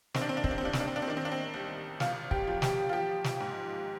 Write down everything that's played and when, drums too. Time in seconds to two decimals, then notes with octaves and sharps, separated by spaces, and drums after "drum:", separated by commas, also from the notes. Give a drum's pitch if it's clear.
0.14 D#3 C4, drum: snare
0.21 D4
0.29 C4
0.37 D4
0.44 C4, drum: kick
0.51 D4
0.58 C4
0.61 C2 D4
0.73 C4, drum: snare
0.80 D4
0.87 C4
0.96 D4
1.02 C4
1.07 D#3 D4
1.17 C4
1.25 D4
1.32 C4
1.54 C2
2.00 G#1 F4, drum: snare
2.31 G4, drum: kick
2.47 F3
2.62 G4, drum: snare
2.89 F4
2.93 F3 G4
3.24 drum: snare
3.40 G#2